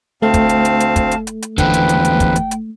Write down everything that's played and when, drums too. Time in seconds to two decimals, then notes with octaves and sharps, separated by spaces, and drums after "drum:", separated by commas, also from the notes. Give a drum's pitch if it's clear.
0.22 D2 A3 C4 F5 A5
0.34 drum: kick, hi-hat
0.49 drum: hi-hat
0.65 drum: hi-hat
0.80 drum: hi-hat
0.96 drum: kick, hi-hat
1.11 drum: hi-hat
1.27 drum: hi-hat
1.42 drum: hi-hat
1.58 E2 D3 F3 B4 G5, drum: kick, hi-hat
1.74 drum: hi-hat
1.89 drum: hi-hat
2.05 drum: hi-hat
2.20 drum: kick, hi-hat
2.36 drum: hi-hat
2.51 drum: hi-hat